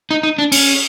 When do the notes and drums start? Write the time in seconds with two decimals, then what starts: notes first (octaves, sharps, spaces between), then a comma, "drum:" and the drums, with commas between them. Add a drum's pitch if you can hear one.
0.11 D#4
0.23 D#4
0.38 D4
0.52 C#4, drum: open hi-hat